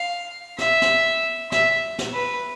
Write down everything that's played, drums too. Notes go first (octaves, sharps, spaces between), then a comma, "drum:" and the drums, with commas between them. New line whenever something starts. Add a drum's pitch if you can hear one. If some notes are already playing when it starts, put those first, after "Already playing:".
Already playing: F5
E5, drum: snare
drum: snare
E5, drum: snare
drum: snare
B4